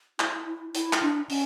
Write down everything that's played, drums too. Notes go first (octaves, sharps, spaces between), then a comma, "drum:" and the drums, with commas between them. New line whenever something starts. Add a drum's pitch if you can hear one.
E4, drum: clap
E4
E4, drum: hi-hat
drum: clap
D4
C#4, drum: open hi-hat